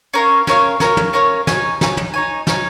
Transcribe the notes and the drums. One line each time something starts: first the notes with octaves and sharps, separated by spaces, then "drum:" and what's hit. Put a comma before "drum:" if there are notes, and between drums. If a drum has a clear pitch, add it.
C#4 A#4 C#5 F5
C#4 A#4 C#5 F5, drum: snare
C#4 A#4 C#5 F5, drum: snare
drum: tom
C#4 A#4 C#5 F5
D#4 C#5 G#5, drum: snare
D#4 C#5 G#5, drum: snare
drum: tom
D#4 C#5 G#5
D#4 C#5 G#5, drum: snare